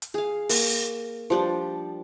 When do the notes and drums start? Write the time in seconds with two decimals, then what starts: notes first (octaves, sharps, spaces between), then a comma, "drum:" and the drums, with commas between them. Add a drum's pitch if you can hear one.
0.02 drum: hi-hat
0.14 G#4 F5
0.49 A#3, drum: open hi-hat
1.30 F3 G3 D4